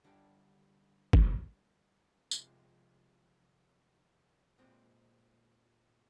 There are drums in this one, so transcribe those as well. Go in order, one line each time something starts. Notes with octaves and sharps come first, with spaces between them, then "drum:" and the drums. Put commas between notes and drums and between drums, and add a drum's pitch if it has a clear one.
D3 G3 D4 G4
drum: kick
C3 F3 G#3, drum: tambourine
A#2 G#3 C4